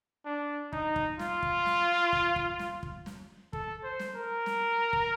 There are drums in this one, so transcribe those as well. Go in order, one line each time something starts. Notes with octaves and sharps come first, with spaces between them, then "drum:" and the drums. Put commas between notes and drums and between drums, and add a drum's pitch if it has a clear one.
D4
D#4, drum: kick
drum: kick
F4, drum: snare
drum: kick
drum: snare
drum: kick
drum: kick
drum: snare
drum: kick
drum: snare
A4, drum: kick
C5
drum: snare
A#4
drum: snare
drum: kick